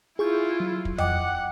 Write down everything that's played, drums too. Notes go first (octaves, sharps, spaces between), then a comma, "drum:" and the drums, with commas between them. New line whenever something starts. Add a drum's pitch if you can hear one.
E4 F4 G#4 C#6 G6
F#3
drum: kick
D#5 F#5 G5 D6, drum: tom F2